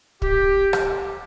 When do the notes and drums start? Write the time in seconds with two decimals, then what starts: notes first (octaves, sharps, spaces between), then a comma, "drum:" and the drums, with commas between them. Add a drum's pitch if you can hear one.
0.22 G4, drum: kick
0.73 drum: rim click